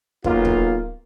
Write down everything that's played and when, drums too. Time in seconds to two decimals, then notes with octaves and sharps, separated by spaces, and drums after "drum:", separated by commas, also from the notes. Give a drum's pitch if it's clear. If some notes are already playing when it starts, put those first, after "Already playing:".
0.24 B1 A#3 F4, drum: kick
0.45 drum: kick